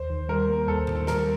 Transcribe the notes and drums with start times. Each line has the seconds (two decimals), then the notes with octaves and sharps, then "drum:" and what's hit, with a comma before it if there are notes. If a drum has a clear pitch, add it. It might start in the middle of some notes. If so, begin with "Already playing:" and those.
Already playing: D#2 C5
0.10 D#3
0.29 G3 A#4
0.49 A#3
0.68 D#2 A4
0.87 D#3, drum: tom A2
1.07 G3 A#4, drum: snare